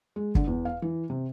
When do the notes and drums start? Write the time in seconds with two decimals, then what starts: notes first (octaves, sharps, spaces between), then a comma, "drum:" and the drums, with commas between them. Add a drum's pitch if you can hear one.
0.16 G#3
0.35 D3, drum: kick
0.47 E2
0.65 F5
0.82 E3
1.10 C3